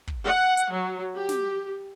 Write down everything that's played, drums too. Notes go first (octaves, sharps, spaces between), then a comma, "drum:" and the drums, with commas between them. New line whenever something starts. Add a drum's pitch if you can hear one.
drum: kick
F#5
drum: hi-hat
F#3
G4
drum: snare